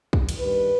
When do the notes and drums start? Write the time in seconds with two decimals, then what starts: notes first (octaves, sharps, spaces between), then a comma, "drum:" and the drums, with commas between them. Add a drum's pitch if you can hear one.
0.13 drum: kick
0.29 drum: cymbal
0.39 G2 D#3 G3 B4